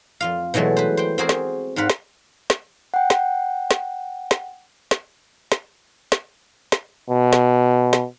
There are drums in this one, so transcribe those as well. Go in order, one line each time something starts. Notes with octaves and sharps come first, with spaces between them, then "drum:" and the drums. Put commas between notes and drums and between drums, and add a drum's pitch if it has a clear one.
F2 F4 F5
B2 E3 F#3 G#3 A3
B4 C5
C5 G5
C4 F#4 G#4 A#4 C5
drum: snare
G#2 C4 F5 F#5 B5
drum: snare
drum: snare
F#5 G5
drum: snare
drum: snare
drum: snare
drum: snare
drum: snare
drum: snare
drum: snare
B2
drum: snare
drum: snare